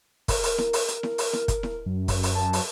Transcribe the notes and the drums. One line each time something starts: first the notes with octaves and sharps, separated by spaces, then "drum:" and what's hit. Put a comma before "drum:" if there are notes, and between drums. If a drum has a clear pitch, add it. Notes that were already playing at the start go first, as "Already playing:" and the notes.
A#4, drum: kick, open hi-hat
drum: open hi-hat
drum: snare E4
drum: open hi-hat
drum: hi-hat
drum: snare E4
drum: open hi-hat
drum: snare E4
drum: kick, hi-hat
drum: snare E4
F#2
drum: kick, open hi-hat
drum: open hi-hat
A5
drum: open hi-hat